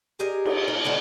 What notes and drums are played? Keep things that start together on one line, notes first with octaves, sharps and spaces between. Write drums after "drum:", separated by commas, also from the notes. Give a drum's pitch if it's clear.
G4 G#4 A#4 D#5
drum: cymbal
A#3
D3 D#3 G#3 B3